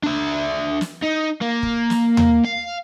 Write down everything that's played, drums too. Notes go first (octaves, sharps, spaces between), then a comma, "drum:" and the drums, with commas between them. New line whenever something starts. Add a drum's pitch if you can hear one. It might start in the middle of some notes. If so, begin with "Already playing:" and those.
D4 E5
drum: snare
D#4
A#3
drum: kick
drum: snare
drum: tom D#2
F5